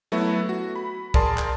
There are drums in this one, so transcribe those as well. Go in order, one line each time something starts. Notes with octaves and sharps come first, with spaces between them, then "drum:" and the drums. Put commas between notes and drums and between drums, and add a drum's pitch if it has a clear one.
F#3 A3 B3 E4 F#4
F#4
B5
G#4 A#4 D5 A5 C6, drum: kick C2
drum: clap